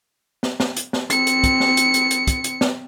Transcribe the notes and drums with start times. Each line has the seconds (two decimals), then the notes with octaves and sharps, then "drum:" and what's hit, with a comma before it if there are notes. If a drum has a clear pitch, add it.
0.43 drum: snare
0.60 drum: snare
0.77 drum: hi-hat
0.93 drum: snare
1.10 C4 C#7, drum: hi-hat
1.27 drum: hi-hat
1.44 drum: kick, hi-hat
1.60 drum: snare
1.77 drum: hi-hat
1.94 drum: hi-hat
2.11 drum: hi-hat
2.27 drum: kick, hi-hat
2.44 drum: hi-hat
2.61 drum: snare